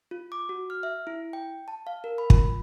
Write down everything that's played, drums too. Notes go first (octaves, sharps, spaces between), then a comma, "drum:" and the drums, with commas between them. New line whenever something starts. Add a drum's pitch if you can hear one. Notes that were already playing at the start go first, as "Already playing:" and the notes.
F4
D6
F#4
F6
E5
E4
G5
A5
F5
A#4
B5
F4, drum: kick